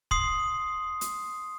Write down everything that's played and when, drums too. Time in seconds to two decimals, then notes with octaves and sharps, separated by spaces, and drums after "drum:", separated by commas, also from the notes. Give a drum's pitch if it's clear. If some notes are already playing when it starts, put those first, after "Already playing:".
0.11 C6 D#6 C7, drum: kick
1.01 drum: hi-hat